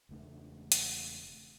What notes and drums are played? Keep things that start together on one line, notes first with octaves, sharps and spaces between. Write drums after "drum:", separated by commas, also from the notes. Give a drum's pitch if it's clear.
E1 C#3 A3 D4
drum: hi-hat